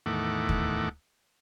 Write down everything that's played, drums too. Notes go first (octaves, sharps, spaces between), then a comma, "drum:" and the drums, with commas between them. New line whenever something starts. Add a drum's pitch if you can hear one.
E2 A2 D#3 A3 F#5 D6
drum: kick